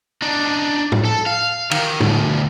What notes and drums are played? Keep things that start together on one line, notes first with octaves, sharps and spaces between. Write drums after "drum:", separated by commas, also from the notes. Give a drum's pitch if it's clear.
D4 D#4
drum: tom A2
A4
F5
D#3, drum: cymbal
D2 B2, drum: tom A2